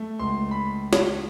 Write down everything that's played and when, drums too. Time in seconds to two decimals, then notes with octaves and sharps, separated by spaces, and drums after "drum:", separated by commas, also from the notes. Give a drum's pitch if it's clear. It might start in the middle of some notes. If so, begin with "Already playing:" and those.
Already playing: A3
0.19 C#2 C6
0.51 B5
0.93 drum: snare